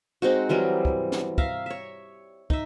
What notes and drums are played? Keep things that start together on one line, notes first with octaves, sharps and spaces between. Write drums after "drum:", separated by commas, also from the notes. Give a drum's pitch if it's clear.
G#3 C4 D#4 F#4
E3 F#3 G3 A#4
drum: kick
drum: snare
E5 F5 A#5, drum: kick
C#5 E5
D#4 E5, drum: kick